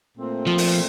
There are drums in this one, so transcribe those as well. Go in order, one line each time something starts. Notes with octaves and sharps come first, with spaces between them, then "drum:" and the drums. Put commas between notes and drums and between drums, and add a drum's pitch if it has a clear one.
A#2 A3 C4
F3
drum: open hi-hat